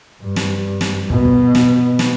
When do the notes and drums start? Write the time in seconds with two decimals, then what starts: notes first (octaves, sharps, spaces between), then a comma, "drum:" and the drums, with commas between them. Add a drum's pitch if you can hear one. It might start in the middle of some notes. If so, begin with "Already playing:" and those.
0.22 G2
0.36 drum: snare
0.81 drum: snare
1.10 B2, drum: kick
1.25 drum: kick
1.55 drum: snare
1.99 drum: snare